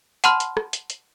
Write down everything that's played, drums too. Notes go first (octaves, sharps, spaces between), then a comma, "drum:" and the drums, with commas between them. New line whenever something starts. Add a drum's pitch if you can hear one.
F#5 A5 B5 C6 F6, drum: hi-hat
drum: hi-hat
drum: rim click
drum: hi-hat
drum: hi-hat